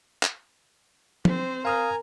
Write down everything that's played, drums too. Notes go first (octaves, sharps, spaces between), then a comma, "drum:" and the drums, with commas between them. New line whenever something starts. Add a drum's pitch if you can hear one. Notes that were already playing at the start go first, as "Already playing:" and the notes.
drum: clap
C4 C5, drum: tom
A#4 F5 G#5 A#5 D#6 F6